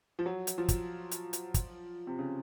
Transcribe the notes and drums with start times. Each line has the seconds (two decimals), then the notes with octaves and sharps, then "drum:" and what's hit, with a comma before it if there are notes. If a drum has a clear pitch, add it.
0.19 F3
0.26 F#3
0.47 drum: hi-hat
0.58 F3
0.68 drum: kick, hi-hat
1.11 drum: hi-hat
1.33 drum: hi-hat
1.54 drum: kick, hi-hat
2.07 C3
2.19 C#3